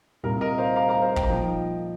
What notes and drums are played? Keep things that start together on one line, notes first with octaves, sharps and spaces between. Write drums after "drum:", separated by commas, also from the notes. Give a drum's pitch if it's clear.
C2 A#2 G3 A#4
A#4 D#5
C5 F5
F5 A#5
F5 A#5
C5 F5
G5, drum: kick
A#5
A#2 F3 A#3 D#4 D#5 G5